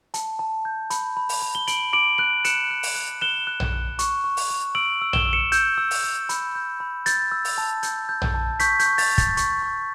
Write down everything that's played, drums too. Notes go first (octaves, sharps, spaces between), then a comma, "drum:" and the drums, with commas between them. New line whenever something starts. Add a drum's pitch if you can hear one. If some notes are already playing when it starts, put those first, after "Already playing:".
A5, drum: hi-hat
A5
G6
B5, drum: hi-hat
B5
drum: open hi-hat
B5
G7
B5 D7 F#7, drum: hi-hat
D6 D7 F#7
F#6 D7 F#7
F#6 C#7 E7, drum: hi-hat
F#6
drum: open hi-hat
F#6
F#6 E7 G7
F#6
drum: tom A#1
F#6
C#6, drum: hi-hat
C#6
drum: open hi-hat
C#6
E6 D7 F#7
E6
E7 G7, drum: tom A#1
E6
C#7 E7
E6 G6, drum: hi-hat
E6
drum: open hi-hat
E6
B5, drum: hi-hat
G6
B5
G6 A6, drum: hi-hat
E6
drum: open hi-hat
A5
G6, drum: hi-hat
G6
drum: tom A#1
A5
C#6 G6 B6, drum: hi-hat
G6, drum: hi-hat
C#6
A6, drum: open hi-hat
G6
A6, drum: kick, hi-hat
C#6, drum: hi-hat
C#6